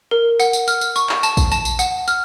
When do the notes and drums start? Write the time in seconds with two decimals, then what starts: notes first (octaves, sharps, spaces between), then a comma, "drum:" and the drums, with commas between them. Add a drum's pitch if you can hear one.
0.11 A#4
0.40 F#5, drum: tambourine
0.53 drum: tambourine
0.68 F6, drum: tambourine
0.81 drum: tambourine
0.96 C#6, drum: tambourine
1.09 drum: clap
1.23 A5, drum: tambourine
1.37 drum: kick A#1, tambourine
1.52 A5, drum: tambourine
1.65 drum: tambourine
1.79 F#5, drum: tambourine
2.08 F6, drum: tambourine